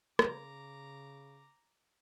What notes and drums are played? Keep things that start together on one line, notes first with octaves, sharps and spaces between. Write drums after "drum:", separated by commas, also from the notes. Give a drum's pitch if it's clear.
C#3 A#5 D6, drum: rim click